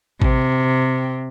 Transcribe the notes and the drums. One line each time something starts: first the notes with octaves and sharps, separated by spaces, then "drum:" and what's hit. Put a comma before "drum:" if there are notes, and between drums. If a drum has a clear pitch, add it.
C3, drum: kick A1